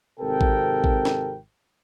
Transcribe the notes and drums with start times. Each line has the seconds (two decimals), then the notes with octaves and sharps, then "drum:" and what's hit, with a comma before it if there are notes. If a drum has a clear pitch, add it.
0.19 G#1 C3 A4 A#4 G5
0.41 drum: kick A1
0.84 drum: kick A1
1.05 drum: snare